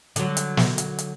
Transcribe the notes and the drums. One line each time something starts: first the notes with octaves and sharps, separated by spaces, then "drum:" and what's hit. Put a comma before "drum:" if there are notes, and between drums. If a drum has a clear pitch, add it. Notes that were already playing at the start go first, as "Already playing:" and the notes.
D3 F#3, drum: hi-hat
drum: hi-hat
drum: snare
drum: hi-hat
drum: hi-hat